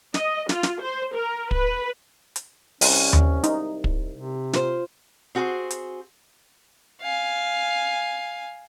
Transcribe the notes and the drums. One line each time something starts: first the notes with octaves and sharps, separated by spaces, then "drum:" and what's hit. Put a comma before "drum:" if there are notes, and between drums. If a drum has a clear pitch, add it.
D#5, drum: snare
F4, drum: snare
drum: snare
C5
A#4
B4, drum: kick
drum: hi-hat
C2 C#4, drum: open hi-hat
drum: tom D#2
D#4, drum: hi-hat
drum: kick
C3
F4 C5, drum: snare
C4 F#4 G#4 B4 C5
drum: hi-hat
F5 G#5